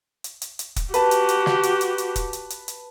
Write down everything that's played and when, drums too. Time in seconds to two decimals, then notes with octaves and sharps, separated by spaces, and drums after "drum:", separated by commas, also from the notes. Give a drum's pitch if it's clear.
0.24 drum: hi-hat
0.42 drum: hi-hat
0.59 drum: hi-hat
0.76 drum: kick, hi-hat
0.94 F#4 G4 B4 A5, drum: hi-hat
1.11 drum: hi-hat
1.29 drum: hi-hat
1.46 drum: snare
1.63 drum: hi-hat
1.81 drum: hi-hat
1.98 drum: hi-hat
2.16 drum: kick, hi-hat
2.33 drum: hi-hat
2.50 drum: hi-hat
2.68 drum: hi-hat